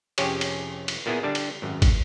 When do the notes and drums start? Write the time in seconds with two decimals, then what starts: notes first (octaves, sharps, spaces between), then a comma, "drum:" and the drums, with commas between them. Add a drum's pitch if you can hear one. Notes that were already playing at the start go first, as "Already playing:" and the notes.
0.18 F2 C3 C#4 G4 G#4 C#5, drum: cymbal
0.41 drum: cymbal
0.88 drum: cymbal
1.06 A#2 A#3 B3 E4 G#4
1.23 D3 G3 D4 A5
1.35 drum: cymbal
1.62 G#1 F#2
1.82 drum: kick, cymbal